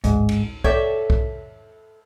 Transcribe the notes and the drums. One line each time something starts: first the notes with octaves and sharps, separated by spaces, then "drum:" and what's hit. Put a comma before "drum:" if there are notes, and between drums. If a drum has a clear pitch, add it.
A1 D2 G#2, drum: hi-hat
drum: cymbal
A4 C#5 D5 E5 G5, drum: kick B1
drum: kick B1